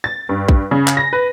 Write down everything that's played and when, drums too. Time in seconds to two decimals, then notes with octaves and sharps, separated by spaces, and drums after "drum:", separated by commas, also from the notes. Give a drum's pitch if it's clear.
0.04 A6
0.29 G2
0.49 drum: kick
0.71 C#3
0.87 drum: clap
0.97 A#6
1.13 B4